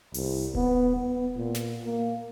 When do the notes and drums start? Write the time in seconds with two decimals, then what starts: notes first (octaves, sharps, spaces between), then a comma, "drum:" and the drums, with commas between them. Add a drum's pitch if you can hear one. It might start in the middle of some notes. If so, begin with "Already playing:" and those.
0.14 C2, drum: open hi-hat
0.55 B3, drum: kick D#1
0.97 B3
1.37 A#2
1.55 drum: snare
1.85 A#3